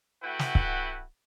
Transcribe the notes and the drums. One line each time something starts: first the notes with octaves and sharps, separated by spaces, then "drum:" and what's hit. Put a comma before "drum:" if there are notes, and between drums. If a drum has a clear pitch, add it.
A3 E4 F#4 B4 F#5 G5
drum: snare
drum: kick C#1